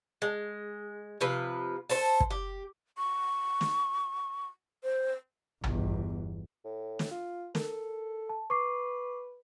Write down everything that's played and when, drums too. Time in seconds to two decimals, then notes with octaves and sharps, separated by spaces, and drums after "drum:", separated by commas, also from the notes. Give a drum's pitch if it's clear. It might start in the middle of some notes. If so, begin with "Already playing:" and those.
0.22 G#3
1.21 C3 F3 B4
1.90 A4 C5, drum: open hi-hat
2.20 drum: kick
2.30 G4
2.98 C#6
3.61 drum: snare
4.84 C5
5.64 G1 E2, drum: tom A#1
6.64 A2
6.99 drum: snare
7.11 F4
7.55 A4 A#4, drum: snare
8.29 A5
8.50 B4 C#6 D6 C7